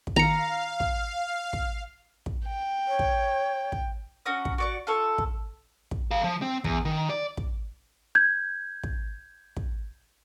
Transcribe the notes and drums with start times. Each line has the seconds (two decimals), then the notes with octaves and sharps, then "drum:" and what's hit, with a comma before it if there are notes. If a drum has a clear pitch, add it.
0.07 drum: kick
0.16 D#3 F5 A#5 C#7 F7
0.80 drum: kick
1.53 drum: kick
2.26 drum: kick
2.48 G5
2.88 C#5
2.99 drum: kick
3.72 drum: kick
4.26 C#4 F#4 A#5 D#6
4.45 drum: kick
4.58 F#4 D5 C#6
4.87 F4 A4 C#5
5.18 drum: kick
5.91 drum: kick
6.11 A4 F5
6.24 F3
6.42 C4
6.64 E2, drum: kick
6.85 D#3
7.09 D5
7.37 drum: kick
8.15 G6 G#6
8.83 drum: kick
9.57 drum: kick